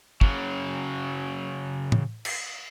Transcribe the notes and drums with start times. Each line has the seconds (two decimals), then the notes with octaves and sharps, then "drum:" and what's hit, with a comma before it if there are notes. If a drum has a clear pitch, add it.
0.21 C#3 F#3, drum: kick
1.92 drum: tom A2
2.25 drum: cymbal